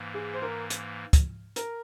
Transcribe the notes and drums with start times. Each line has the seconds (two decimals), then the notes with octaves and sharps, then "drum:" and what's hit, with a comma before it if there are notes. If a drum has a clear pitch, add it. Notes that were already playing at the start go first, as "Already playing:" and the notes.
Already playing: G#2 E3 A#3
0.14 G#4
0.33 C5
0.42 A#4
0.70 drum: hi-hat
1.13 drum: kick, hi-hat
1.56 A#4, drum: hi-hat